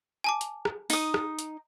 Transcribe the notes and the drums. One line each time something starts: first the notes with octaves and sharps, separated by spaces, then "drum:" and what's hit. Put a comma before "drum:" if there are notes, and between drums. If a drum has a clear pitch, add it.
G#5 A5 D6
drum: hi-hat
drum: rim click
D#4 D#6, drum: open hi-hat
drum: rim click
drum: hi-hat